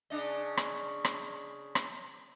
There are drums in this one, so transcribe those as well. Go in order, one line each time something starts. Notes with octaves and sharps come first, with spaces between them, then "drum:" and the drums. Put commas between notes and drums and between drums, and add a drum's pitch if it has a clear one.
C#3 D4 D#5
drum: rim click
drum: rim click
drum: rim click